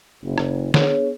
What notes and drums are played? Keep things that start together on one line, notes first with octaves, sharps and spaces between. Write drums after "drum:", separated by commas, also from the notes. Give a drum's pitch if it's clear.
F#1
drum: rim click
B3 D4 G#4 C#5, drum: snare